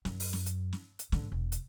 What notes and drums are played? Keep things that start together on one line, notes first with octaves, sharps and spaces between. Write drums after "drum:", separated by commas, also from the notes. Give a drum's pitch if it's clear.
F#2, drum: snare
drum: open hi-hat
drum: snare
drum: hi-hat
drum: snare
drum: hi-hat
G#2 D3, drum: snare
E1
drum: hi-hat